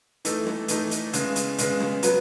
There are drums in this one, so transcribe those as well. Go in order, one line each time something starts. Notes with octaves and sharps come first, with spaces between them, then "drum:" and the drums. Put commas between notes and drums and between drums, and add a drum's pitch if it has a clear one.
E3 A3 D#4 A4, drum: hi-hat
drum: snare
E3 A3 D#4 A4, drum: hi-hat
drum: hi-hat
C#3 G#3 B3, drum: hi-hat
drum: hi-hat
C#3 G#3 B3, drum: hi-hat
drum: snare
F#3 B3 F#4 B4, drum: hi-hat